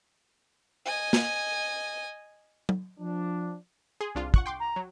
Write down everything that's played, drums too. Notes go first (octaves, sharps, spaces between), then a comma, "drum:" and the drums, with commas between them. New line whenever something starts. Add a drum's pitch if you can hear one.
D#5 G#5
drum: snare
drum: tom
F3 D4
G#4 C6
C2 D4 F4
F#5 C#6 F#6, drum: kick
G5 C6 D6
A#5
F#3